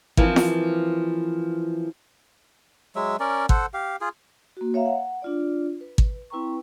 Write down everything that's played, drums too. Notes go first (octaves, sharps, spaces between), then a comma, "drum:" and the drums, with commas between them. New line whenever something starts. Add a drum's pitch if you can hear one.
E3 F3 A#3 C4, drum: kick
drum: snare
F#3 G#3 E5
C#4 A#4 D5
A4 C5 F#5, drum: kick
G4 F5
F4 G#4
A#3 F#4
C#5 E5 F5 A#5
F#5
D4 F4 D5
B4
drum: kick
C4 E4 B4 G5 A#5 C#6